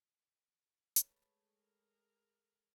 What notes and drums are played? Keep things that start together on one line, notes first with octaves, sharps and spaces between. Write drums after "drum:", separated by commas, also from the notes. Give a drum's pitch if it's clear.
G#3 A3 G#4 B4 C#5, drum: hi-hat
A#4